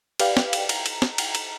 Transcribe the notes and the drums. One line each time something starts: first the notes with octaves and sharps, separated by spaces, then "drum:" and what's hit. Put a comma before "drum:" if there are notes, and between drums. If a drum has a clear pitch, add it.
G4 B4 D5 F5 G5, drum: cymbal
drum: snare
drum: cymbal
A#5, drum: cymbal
drum: cymbal
drum: snare
drum: cymbal
drum: cymbal